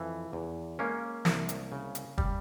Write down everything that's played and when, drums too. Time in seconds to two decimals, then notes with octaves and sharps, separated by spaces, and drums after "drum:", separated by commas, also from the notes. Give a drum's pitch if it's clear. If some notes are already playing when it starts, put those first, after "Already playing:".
Already playing: F2 E3
0.33 E2
0.79 G#3 A#3 C#4
1.25 C2, drum: snare
1.49 drum: hi-hat
1.72 C#3
1.95 drum: hi-hat
2.18 G3, drum: kick